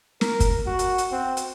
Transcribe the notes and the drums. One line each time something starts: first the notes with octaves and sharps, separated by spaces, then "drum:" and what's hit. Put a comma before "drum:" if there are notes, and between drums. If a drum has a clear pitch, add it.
A#4, drum: snare
drum: kick, hi-hat
F#4
drum: hi-hat
drum: hi-hat
C4
drum: hi-hat